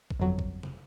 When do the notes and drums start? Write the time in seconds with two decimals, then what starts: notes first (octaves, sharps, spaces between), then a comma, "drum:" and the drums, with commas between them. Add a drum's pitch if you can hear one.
0.11 drum: kick
0.20 G1 F2 F#3
0.39 drum: kick
0.63 drum: tom C3